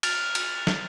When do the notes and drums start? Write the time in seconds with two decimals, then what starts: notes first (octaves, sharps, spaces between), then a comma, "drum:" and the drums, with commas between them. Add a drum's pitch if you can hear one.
0.03 F6 A6 D7 F7, drum: cymbal
0.35 drum: cymbal
0.67 drum: snare